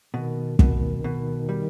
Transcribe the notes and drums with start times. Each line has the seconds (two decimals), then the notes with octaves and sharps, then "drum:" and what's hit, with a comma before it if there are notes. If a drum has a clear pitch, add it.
0.14 B2 D#3
0.59 B2, drum: kick
1.04 B2
1.49 G3